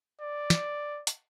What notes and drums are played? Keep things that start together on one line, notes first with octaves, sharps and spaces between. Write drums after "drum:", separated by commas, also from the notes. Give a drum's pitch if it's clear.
D5
drum: snare
drum: hi-hat